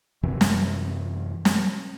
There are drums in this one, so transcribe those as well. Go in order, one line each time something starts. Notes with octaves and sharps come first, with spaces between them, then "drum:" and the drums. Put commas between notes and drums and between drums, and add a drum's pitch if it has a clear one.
F#2 C3 E3
drum: snare
drum: snare